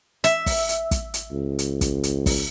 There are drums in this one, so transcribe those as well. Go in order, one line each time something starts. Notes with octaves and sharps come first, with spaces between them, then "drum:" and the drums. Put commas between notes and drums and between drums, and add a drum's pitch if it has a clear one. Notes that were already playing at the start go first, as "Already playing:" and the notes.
E5, drum: hi-hat
drum: kick, open hi-hat
drum: hi-hat
drum: kick, hi-hat
drum: hi-hat
C#2
drum: hi-hat
drum: kick, hi-hat
drum: hi-hat
drum: kick, open hi-hat